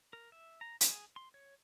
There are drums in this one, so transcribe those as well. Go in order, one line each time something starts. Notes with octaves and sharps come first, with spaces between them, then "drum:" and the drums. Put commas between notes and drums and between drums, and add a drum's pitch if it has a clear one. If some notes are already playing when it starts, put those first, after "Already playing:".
A#4
E5
A#5
G#4, drum: hi-hat
C6
C#5